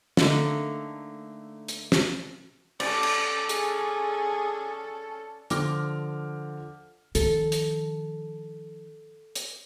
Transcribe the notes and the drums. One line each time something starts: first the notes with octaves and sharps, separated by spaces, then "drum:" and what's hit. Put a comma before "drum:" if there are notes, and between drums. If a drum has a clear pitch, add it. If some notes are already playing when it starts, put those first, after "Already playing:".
D3 A3 A#3 D4 D#4, drum: snare
drum: hi-hat
drum: snare
C#4 A4 D5, drum: cymbal
drum: cymbal
G#4, drum: hi-hat
D3 F3 D6 F6 A#6, drum: hi-hat
D#3 F3 A4, drum: hi-hat
drum: hi-hat
drum: hi-hat